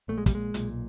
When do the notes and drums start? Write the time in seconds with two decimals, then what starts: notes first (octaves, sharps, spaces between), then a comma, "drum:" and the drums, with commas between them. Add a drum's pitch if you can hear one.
0.08 A#1 A#2 A3
0.18 G#3
0.26 G3, drum: kick, hi-hat
0.35 G#3
0.54 B1 A#2, drum: hi-hat